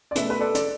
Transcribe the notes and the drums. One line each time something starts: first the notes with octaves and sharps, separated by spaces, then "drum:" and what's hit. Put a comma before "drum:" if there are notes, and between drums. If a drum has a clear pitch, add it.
D5
B2 A3 B4 E5, drum: hi-hat
B4
A4 D5
D5, drum: hi-hat